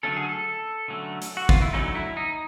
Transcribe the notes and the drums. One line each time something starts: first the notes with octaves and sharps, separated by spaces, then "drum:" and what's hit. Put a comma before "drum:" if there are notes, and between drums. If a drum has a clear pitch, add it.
D3 F#3 A3 C#4 A4
G#4
A4
D3 F#3 A3 C#4
drum: hi-hat
F#4
F4, drum: kick
E4
D3 F#3 A3 C#4 D#4
E4
D#4